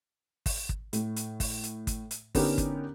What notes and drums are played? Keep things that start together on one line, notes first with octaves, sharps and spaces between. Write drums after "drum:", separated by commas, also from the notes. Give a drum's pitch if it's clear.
drum: kick, open hi-hat
drum: kick
A2, drum: hi-hat
drum: hi-hat
drum: kick, open hi-hat
drum: hi-hat
drum: kick, hi-hat
drum: hi-hat
D3 B3 C#4 D#4 G4 A#4, drum: kick, open hi-hat
drum: kick, hi-hat